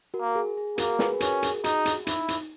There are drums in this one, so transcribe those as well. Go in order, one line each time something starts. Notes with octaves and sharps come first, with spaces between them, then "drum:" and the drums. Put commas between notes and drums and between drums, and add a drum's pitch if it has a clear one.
F#4 A#4
A#3
G#4
G#4
A#3 F#4 A#4, drum: hi-hat
G#4 B4, drum: snare
C#4 F#4 A#4, drum: hi-hat
G#4, drum: hi-hat
G#4
D#4 F#4, drum: hi-hat
drum: hi-hat
D#4 E4, drum: hi-hat
drum: hi-hat